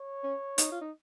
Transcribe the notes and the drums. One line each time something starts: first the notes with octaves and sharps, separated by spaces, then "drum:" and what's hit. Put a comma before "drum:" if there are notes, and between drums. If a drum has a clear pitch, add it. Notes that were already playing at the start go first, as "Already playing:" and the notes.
Already playing: C#5
C#4
D#4, drum: hi-hat
F4
D#4